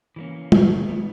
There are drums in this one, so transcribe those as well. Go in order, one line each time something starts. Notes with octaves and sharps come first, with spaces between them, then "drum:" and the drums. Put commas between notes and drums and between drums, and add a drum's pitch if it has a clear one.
E3 G3 A#3 C#4
D#3 G3 B3, drum: tom
D#3 G3 B3